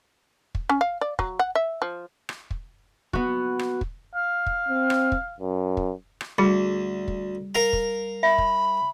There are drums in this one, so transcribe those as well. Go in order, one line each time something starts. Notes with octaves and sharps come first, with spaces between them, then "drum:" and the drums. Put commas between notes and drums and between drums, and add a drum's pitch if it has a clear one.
drum: kick
C#4
F5
D5
F#3, drum: kick
F#5
E5
F3
drum: rim click
drum: kick
B3 F#4, drum: kick
drum: rim click
drum: kick
F5
drum: kick
C4
drum: rim click
drum: kick
F#2
drum: kick
drum: rim click
D2 G3 G#4
drum: kick
A#4 F5 A#5
drum: kick
E5 B5
drum: kick